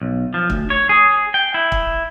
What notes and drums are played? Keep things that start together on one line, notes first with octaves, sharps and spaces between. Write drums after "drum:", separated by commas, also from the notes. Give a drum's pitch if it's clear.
B1
F3
D2, drum: kick
C#5
G#4
G5
E4
drum: kick